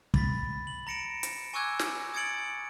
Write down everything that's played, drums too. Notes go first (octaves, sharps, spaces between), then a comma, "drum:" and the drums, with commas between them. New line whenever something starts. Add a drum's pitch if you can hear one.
B5 A6 B6, drum: kick
F#7
A#5 A#6 C#7 D7 E7
drum: hi-hat
G#5 C#6 D6 E6 F#6 G#6
drum: snare
D#6 G#6 A6 C#7 D7 F#7